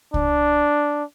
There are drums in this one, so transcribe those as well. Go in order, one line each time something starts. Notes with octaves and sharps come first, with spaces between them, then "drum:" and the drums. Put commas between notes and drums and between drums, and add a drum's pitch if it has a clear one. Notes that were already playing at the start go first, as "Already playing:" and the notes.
D4, drum: kick C2